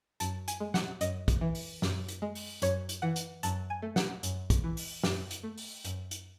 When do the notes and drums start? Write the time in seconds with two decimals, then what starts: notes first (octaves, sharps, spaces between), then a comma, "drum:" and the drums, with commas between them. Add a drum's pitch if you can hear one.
0.20 F#2 A5, drum: hi-hat
0.48 G#5, drum: hi-hat
0.60 G#3
0.74 F#5, drum: snare
1.01 F#2 D#5, drum: hi-hat
1.28 drum: kick, hi-hat
1.41 E3
1.55 drum: open hi-hat
1.82 F#2, drum: snare
2.08 drum: hi-hat
2.22 G#3
2.35 drum: open hi-hat
2.62 F#2 C#5, drum: hi-hat
2.89 drum: hi-hat
3.02 E3 F#5
3.16 drum: hi-hat
3.43 F#2 A5, drum: hi-hat
3.70 G#5
3.82 A3
3.96 F#5, drum: snare
4.23 F#2, drum: hi-hat
4.50 drum: kick, hi-hat
4.64 E3
4.77 drum: open hi-hat
5.03 F#2, drum: snare
5.31 drum: hi-hat
5.43 A3
5.58 drum: open hi-hat
5.85 F#2, drum: hi-hat
6.11 drum: hi-hat